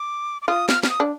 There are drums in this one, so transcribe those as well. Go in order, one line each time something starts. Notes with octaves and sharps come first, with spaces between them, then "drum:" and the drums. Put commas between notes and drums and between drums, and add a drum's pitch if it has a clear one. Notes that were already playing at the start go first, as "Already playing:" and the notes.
Already playing: D6
D6
F4 D#6
F6, drum: snare
F6, drum: snare
D#6
D4